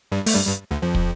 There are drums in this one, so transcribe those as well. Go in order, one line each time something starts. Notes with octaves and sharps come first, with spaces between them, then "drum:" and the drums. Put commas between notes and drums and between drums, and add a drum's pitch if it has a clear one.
G2 G3
A3, drum: open hi-hat
G2 G3
G2 G3
D2 D3
F2 F3
drum: kick